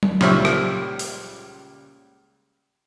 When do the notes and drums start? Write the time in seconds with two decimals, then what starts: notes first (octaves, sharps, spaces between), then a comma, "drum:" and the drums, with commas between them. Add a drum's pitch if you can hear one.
0.03 drum: tom F#3
0.21 C#2 A#2 G3 C5 E5 C#6, drum: snare
0.45 drum: rim click
0.99 drum: open hi-hat